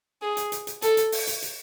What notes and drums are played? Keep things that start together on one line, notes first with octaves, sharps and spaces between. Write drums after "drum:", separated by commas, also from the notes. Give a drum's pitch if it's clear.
G#4
drum: hi-hat
drum: hi-hat
drum: hi-hat
A4, drum: hi-hat
drum: hi-hat
drum: open hi-hat
drum: hi-hat
drum: hi-hat